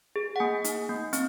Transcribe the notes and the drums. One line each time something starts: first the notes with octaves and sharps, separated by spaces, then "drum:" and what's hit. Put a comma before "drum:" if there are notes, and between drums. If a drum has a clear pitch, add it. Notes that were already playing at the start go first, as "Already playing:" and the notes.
G#4
F#5
A#3 G#5
D#4, drum: hi-hat
A#3
C4, drum: hi-hat